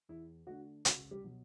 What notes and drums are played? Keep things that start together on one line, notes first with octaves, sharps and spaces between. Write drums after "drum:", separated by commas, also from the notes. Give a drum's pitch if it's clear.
E2 E4
D3 A3 D4 F#4
C#2 F#4, drum: hi-hat
G3 G4
B2 F#3